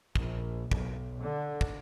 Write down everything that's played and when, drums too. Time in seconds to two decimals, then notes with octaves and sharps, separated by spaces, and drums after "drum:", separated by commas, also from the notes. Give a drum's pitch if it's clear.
0.16 A#1, drum: kick
0.71 B1, drum: kick
1.21 D3
1.61 drum: kick